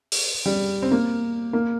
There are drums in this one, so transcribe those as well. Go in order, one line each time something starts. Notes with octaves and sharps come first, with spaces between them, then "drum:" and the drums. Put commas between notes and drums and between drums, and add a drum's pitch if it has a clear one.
drum: open hi-hat
G3
C4
A#3
A#3